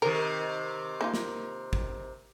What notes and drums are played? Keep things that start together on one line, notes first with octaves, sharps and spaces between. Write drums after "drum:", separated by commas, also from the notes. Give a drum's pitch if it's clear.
C3 D#3 A#4
A#3 D#4 F4
drum: snare
drum: kick G#1